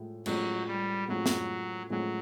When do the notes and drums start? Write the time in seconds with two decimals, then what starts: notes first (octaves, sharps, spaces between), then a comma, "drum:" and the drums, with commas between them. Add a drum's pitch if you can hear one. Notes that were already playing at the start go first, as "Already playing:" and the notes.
Already playing: A2 F3 G#3
0.26 A2 F3 F#3 G#3 C#4, drum: cymbal
0.67 G3
1.08 A2 F3 F#3 G#3 C#4
1.26 drum: snare
1.90 A2 F3 F#3 G#3 C#4